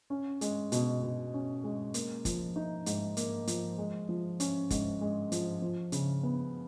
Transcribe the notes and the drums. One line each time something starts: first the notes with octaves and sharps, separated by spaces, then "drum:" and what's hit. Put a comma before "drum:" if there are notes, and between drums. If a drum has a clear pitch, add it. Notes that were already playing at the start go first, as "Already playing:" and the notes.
C#4
G#3, drum: hi-hat
B2, drum: hi-hat
B2
C#4
G#3
A#3, drum: hi-hat
F3, drum: kick, hi-hat
D#4
G#2, drum: hi-hat
A#3, drum: hi-hat
F3, drum: hi-hat
G#3
F3
C#4, drum: hi-hat
G#2, drum: kick, hi-hat
G#3
F3, drum: hi-hat
F3
C#3, drum: hi-hat
B3